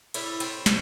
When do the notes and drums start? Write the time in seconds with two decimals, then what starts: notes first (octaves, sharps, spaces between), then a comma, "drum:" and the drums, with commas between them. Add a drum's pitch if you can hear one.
0.14 A2 G3 E4, drum: cymbal
0.40 C4, drum: cymbal
0.66 B2, drum: snare